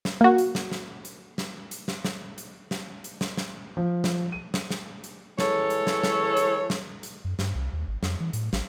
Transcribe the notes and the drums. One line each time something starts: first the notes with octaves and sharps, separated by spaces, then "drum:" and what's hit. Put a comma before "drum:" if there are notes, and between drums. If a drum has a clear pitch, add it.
drum: snare
A#3 F#4
drum: hi-hat
drum: snare
drum: snare
drum: hi-hat
drum: snare
drum: hi-hat
drum: snare
drum: snare
drum: hi-hat
drum: snare
drum: hi-hat
drum: snare
drum: snare
F3
drum: snare
D#7
drum: snare
drum: snare
drum: hi-hat
E3 G#3 A4 C#5, drum: snare
drum: hi-hat
drum: snare
drum: snare
drum: hi-hat
drum: snare
drum: hi-hat
F#2
G2, drum: snare
C2
D#2
G#1
F2, drum: snare
E3
A2, drum: hi-hat
A1, drum: snare